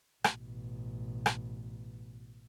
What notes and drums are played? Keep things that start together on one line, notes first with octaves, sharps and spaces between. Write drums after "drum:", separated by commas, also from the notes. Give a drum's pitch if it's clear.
A1 B2, drum: rim click
drum: rim click